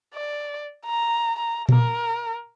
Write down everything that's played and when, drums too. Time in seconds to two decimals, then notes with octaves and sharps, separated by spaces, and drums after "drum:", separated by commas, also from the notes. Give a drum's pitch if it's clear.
0.14 D5
0.86 A#5
1.39 A#5
1.69 A#4, drum: tom A#2